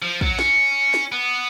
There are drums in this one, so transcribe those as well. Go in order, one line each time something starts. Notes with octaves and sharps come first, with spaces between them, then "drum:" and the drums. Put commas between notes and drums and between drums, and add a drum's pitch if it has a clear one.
F3
F#3, drum: kick
C#4, drum: snare
drum: snare
B3